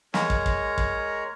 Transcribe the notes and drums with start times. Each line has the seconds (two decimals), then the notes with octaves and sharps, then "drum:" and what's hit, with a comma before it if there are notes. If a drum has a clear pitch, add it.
0.14 G#3 A#4 C#5 A#5, drum: snare
0.30 drum: kick
0.46 drum: kick
0.78 drum: kick